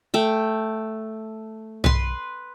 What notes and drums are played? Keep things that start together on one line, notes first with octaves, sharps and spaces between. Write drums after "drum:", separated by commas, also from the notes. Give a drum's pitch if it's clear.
A3 G5
B4 C6, drum: tom B1